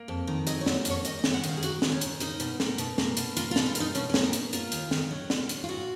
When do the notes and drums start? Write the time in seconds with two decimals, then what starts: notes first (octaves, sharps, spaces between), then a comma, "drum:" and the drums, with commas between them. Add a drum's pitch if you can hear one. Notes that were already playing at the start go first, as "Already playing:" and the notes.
Already playing: A#3
0.08 F2
0.27 D#3
0.47 F#3 D#5, drum: hi-hat
0.61 C#5
0.66 A#3, drum: snare
0.85 F2 C#5, drum: hi-hat
1.05 D#2 D#5, drum: hi-hat
1.19 D#5
1.24 D#2, drum: snare
1.34 F#5
1.44 D#3 F5, drum: hi-hat
1.57 G#4
1.63 A#3 F#4, drum: hi-hat
1.82 D#2, drum: snare
1.92 C#4
2.01 D#2, drum: hi-hat
2.20 A#3 D#4, drum: hi-hat
2.40 B2, drum: hi-hat
2.60 A#3, drum: snare
2.78 B2, drum: hi-hat
2.98 A#3, drum: snare
3.17 B2, drum: hi-hat
3.37 A#3 F4, drum: hi-hat
3.51 F4
3.56 B2, drum: snare
3.66 F4
3.75 A#3, drum: hi-hat
3.80 D#4
3.95 B2 C#4, drum: hi-hat
4.10 C#4
4.14 A#3, drum: snare
4.24 D#4
4.33 B2, drum: hi-hat
4.53 A#3 F4, drum: hi-hat
4.72 D#2, drum: hi-hat
4.91 D#3, drum: snare
5.11 F#3
5.30 A#3, drum: snare
5.49 D#2, drum: hi-hat
5.64 F4
5.69 A#2 F#4